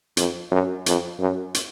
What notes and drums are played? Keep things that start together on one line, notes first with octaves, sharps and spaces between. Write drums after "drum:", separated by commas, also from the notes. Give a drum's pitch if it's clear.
F2, drum: hi-hat
F#2
F2, drum: hi-hat
F#2
drum: hi-hat